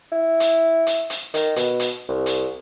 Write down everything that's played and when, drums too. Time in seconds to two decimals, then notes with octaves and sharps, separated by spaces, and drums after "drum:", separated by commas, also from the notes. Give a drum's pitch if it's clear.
0.12 E4
0.40 drum: hi-hat
0.87 drum: hi-hat
1.10 drum: hi-hat
1.34 D#3, drum: hi-hat
1.56 B2, drum: hi-hat
1.80 drum: hi-hat
2.09 C2
2.26 drum: hi-hat